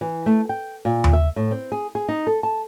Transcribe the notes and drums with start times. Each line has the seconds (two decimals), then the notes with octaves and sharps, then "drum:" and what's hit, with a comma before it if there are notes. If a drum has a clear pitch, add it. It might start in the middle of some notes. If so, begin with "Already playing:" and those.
0.01 E3
0.26 A3
0.49 G5
0.85 A#2
1.04 drum: tom D#2
1.13 E5
1.36 A2
1.51 C4
1.72 G#4
1.95 G#4
2.08 D#4
2.27 A4
2.43 A5